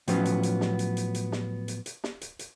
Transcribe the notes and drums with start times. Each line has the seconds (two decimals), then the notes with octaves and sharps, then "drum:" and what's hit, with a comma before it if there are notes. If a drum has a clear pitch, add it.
0.08 A2 F3 F#3 B3 C#4, drum: hi-hat
0.25 drum: hi-hat
0.43 drum: hi-hat
0.61 drum: snare
0.79 drum: hi-hat
0.97 drum: hi-hat
1.15 drum: hi-hat
1.32 drum: snare
1.68 drum: hi-hat
1.86 drum: hi-hat
2.04 drum: snare
2.21 drum: hi-hat
2.39 drum: hi-hat